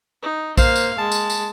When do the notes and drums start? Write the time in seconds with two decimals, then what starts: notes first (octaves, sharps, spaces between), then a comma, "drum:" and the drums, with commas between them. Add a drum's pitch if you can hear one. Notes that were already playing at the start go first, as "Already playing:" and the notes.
0.22 D#4
0.57 A#3 C5 F5, drum: kick A#1, tambourine
0.76 drum: tambourine
0.98 G#3 A5
1.12 drum: tambourine
1.30 drum: tambourine